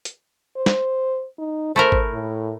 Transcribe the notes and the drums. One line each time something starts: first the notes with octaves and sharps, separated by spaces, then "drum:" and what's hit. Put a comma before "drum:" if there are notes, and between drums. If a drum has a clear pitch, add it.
drum: hi-hat
C5
drum: snare
D#4
A3 E4 A#4 C5
drum: kick G#1
A2